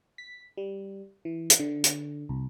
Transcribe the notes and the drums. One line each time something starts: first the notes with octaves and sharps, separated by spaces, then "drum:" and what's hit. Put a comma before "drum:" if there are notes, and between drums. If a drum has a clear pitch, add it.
B6
G3
E3
drum: hi-hat
D3
drum: hi-hat
C2